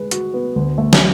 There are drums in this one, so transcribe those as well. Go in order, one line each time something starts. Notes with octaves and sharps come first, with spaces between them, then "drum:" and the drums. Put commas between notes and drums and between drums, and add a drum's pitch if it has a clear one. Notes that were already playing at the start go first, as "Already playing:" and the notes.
Already playing: G#3 B4
F#4, drum: hi-hat
B3
D2
A3
drum: snare